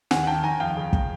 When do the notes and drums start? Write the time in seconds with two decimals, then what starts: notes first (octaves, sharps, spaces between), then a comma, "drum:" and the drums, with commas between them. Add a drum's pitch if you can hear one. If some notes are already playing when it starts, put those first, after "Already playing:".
0.11 D#2 F#5 G#5, drum: snare
0.27 D#3 G5 A5
0.43 D#2 G#5 A#5
0.60 F2 F5 G5
0.76 C#3
0.93 drum: kick